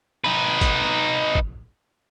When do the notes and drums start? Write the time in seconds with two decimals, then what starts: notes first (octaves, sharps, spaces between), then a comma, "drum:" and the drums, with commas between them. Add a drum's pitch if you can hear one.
0.24 D#4 B4
0.61 drum: kick, hi-hat
1.35 drum: kick